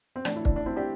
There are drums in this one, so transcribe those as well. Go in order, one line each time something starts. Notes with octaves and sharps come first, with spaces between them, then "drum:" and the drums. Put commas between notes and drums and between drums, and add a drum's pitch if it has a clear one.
C4
A2 E3 A3 D4, drum: rim click
E4
D4, drum: kick
D4
C4 E4
D4 G4